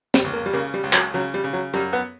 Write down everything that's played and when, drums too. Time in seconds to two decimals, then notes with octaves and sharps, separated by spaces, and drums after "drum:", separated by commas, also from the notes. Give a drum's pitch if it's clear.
0.14 G3, drum: snare
0.24 C#2
0.33 A#3
0.46 G3
0.53 C#3 A#3
0.74 G3
0.83 C#2
0.93 F#3, drum: clap
1.14 C#3 F#3
1.34 G3
1.44 C#3
1.53 F#3
1.74 F#2 G3
1.93 B3